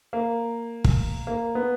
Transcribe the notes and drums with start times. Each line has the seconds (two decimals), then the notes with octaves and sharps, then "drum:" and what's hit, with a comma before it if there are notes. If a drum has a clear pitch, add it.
0.13 A#3
0.84 drum: kick
1.27 A#3
1.55 B3